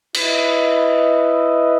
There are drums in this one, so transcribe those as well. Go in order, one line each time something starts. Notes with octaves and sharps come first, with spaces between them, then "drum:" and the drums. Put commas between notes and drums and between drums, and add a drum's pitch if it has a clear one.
E4 B4 D#5, drum: cymbal